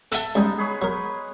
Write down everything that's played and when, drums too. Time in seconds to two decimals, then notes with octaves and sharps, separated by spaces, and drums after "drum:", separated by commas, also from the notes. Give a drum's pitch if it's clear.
0.12 A4 E5 F#5 A5, drum: hi-hat
0.35 C#2 G3 G#3 B3 D#4 G#5
0.58 G#4 B4 C#5
0.82 F#3 A#4 B5